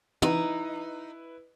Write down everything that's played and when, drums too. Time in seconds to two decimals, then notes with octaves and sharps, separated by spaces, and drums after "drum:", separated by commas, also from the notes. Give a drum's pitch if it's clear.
0.22 D#4 E4 B4, drum: tom